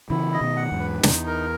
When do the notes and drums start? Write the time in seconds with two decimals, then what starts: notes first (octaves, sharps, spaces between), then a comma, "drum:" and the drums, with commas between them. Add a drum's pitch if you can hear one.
0.10 C#3 E3 E4
0.33 D#5
0.41 B2 D#3
0.56 F#5
0.72 E2 G#2
0.79 B4
1.03 E2 D#4, drum: snare
1.27 A#4